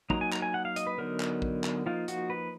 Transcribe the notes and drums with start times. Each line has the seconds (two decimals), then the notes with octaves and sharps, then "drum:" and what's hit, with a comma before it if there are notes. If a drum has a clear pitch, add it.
0.10 F#3 A#3 D#4 A#5, drum: kick
0.21 G#5
0.33 A#5, drum: clap
0.42 G#5
0.54 F#5
0.65 F5
0.76 D#5, drum: hi-hat
0.87 B4
0.98 D3 F#3 B3 D#4 A#4
1.20 drum: clap
1.42 drum: kick
1.64 drum: clap
1.86 F3 A#3 D#4 F4
2.08 F#4, drum: hi-hat
2.30 B4